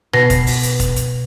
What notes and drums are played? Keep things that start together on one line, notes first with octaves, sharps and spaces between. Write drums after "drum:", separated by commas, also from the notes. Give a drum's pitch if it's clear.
B2 A#6 C7, drum: rim click
drum: kick F1, hi-hat
drum: open hi-hat
drum: hi-hat
drum: kick F1, hi-hat
drum: hi-hat